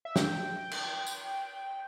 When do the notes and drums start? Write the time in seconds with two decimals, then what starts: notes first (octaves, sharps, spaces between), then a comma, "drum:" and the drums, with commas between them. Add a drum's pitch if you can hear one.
0.05 E5
0.16 G5, drum: snare
0.71 drum: cymbal
1.07 drum: tambourine